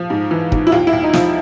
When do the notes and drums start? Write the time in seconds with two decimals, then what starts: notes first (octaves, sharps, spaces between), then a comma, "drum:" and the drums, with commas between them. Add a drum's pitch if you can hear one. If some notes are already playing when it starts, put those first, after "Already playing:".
Already playing: F3
0.10 G#2
0.31 E3
0.52 G#2, drum: kick
0.67 E4
0.72 D#2 F4
0.87 E4
0.93 D#2
1.03 D#4
1.13 F3, drum: snare